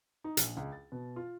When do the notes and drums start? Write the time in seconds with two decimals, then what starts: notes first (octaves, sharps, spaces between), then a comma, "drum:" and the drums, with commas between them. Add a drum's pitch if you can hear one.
0.24 D#4
0.37 A#1, drum: hi-hat
0.57 C#2
0.72 A6
0.92 B2
1.16 F4